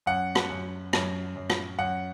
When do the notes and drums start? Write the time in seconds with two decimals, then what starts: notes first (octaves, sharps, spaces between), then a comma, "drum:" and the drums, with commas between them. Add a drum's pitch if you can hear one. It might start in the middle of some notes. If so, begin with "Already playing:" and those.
0.06 F#2 F#5
0.35 drum: rim click
0.50 F#2
0.93 F#2, drum: rim click
1.36 F#2
1.50 drum: rim click
1.79 F#2 F#5